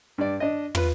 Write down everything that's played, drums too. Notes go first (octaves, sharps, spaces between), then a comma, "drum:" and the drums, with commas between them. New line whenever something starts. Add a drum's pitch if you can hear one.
G2 D5
D4 D#5
F4 B4, drum: tom